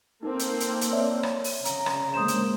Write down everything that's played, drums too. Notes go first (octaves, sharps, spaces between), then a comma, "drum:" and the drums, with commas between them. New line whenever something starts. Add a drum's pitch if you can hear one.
A#3 C4 D#4 A4 A#4 C5
drum: hi-hat
drum: hi-hat
drum: hi-hat
C#5 D5 E5
drum: rim click
drum: open hi-hat
C#3 A#5, drum: hi-hat
drum: rim click
D3 G#3 A#3 C5 D#6 E7
drum: hi-hat